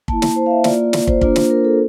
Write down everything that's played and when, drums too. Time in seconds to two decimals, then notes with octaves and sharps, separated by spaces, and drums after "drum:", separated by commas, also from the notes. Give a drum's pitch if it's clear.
0.08 A#3 E4 A5, drum: kick
0.22 drum: snare
0.36 C5
0.46 F5
0.51 E5
0.64 A#3 F4 D5, drum: snare
0.93 drum: snare
1.07 C5, drum: kick
1.21 A#3 D4 F4, drum: kick
1.36 drum: snare
1.50 A#4
1.65 A4